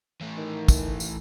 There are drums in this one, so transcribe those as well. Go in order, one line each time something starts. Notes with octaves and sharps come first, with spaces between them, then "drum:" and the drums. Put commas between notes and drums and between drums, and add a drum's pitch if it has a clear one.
E3 A3
D#3
drum: kick, tambourine
drum: tambourine